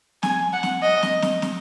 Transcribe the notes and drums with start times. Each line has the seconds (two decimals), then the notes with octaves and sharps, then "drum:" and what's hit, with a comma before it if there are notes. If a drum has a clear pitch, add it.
0.23 G#5, drum: snare
0.53 F#5
0.63 drum: snare
0.83 D#5
1.03 drum: snare
1.22 drum: snare
1.42 drum: snare